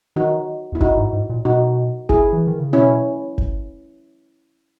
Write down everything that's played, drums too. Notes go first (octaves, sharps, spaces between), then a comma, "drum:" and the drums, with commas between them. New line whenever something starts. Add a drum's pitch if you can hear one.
D#3 D#4 F#4
E2 E4
F#2 D#4 F#4, drum: kick G#1
G#2
G#2
A#2
B2 D#4 F#4
E4 G#4, drum: kick G#1
E3
D#3
C#3
B2 C#4 E4
drum: kick G#1